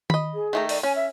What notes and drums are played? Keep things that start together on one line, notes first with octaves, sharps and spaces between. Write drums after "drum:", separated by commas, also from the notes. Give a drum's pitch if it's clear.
D#5 B5, drum: tom D#3
G#4
D#3 A3 A#5
D5, drum: open hi-hat
C#4 G#5
E5